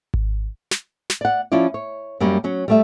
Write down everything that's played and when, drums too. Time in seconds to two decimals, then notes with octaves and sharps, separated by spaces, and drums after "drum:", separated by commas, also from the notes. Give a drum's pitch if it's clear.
0.14 drum: kick G#1
0.71 drum: snare
1.10 drum: snare
1.21 D5 F#5
1.52 F3 C#4 E4 F4 D5
1.74 C#5
2.20 F#2 G3 A#3 C#4
2.44 F#3 C#4
2.68 G3 A3 E5